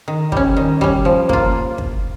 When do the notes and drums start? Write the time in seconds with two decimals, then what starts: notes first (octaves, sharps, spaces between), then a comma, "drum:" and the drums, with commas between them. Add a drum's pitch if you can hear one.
0.08 D#3
0.32 G3 C#4, drum: kick
0.57 D#3
0.81 G3 C#4, drum: kick
1.05 F3
1.29 A#3 F4, drum: kick
1.78 drum: kick